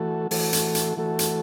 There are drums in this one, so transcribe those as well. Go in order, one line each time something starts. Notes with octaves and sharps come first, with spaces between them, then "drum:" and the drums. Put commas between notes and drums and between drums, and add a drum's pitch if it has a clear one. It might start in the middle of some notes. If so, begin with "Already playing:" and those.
Already playing: E3 A3 F#4 A4
E3 A3 F#4 A4, drum: open hi-hat
drum: hi-hat
drum: hi-hat
E3 A3 F#4 A4
drum: hi-hat